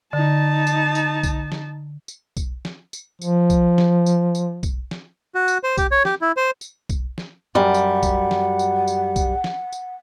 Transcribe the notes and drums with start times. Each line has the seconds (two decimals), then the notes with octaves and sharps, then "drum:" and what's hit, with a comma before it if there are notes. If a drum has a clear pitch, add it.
0.13 D3 D#4 A5
0.67 drum: tambourine
0.95 drum: tambourine
1.23 drum: kick B1, tambourine
1.52 drum: snare
2.08 drum: tambourine
2.37 drum: kick B1, tambourine
2.65 drum: snare
2.93 drum: tambourine
3.21 F3, drum: tambourine
3.50 drum: kick B1, tambourine
3.78 drum: snare
4.06 drum: tambourine
4.35 drum: tambourine
4.63 drum: kick B1, tambourine
4.91 drum: snare
5.35 F#4
5.48 drum: tambourine
5.63 C5
5.77 G4, drum: kick B1, tambourine
5.91 C#5
6.05 G4, drum: snare
6.21 E4
6.37 C5
6.61 drum: tambourine
6.89 drum: kick B1, tambourine
7.18 drum: snare
7.55 F#2 G3 F#5
7.74 drum: tambourine
8.03 drum: kick B1, tambourine
8.31 drum: snare
8.59 drum: tambourine
8.88 drum: tambourine
9.16 drum: kick B1, tambourine
9.44 drum: snare
9.72 drum: tambourine